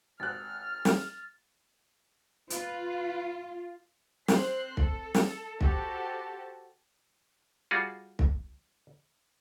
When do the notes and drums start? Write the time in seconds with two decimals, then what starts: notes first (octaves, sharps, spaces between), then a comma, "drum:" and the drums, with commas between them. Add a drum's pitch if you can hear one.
0.20 G#1 F6 F#6 A6
0.85 drum: snare
2.50 F4 B4, drum: hi-hat
4.28 C4 C5 C6 F#6 C7, drum: snare
4.77 A4, drum: kick
5.14 drum: snare
5.61 F#4 G4 A4 C5 A5, drum: kick
7.71 G3 F4 F#4 G#4
8.19 drum: kick